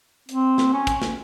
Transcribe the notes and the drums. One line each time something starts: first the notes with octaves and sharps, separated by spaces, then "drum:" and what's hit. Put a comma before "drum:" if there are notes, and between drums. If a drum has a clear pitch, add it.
C4, drum: hi-hat
drum: snare
C#4
drum: kick, hi-hat
drum: snare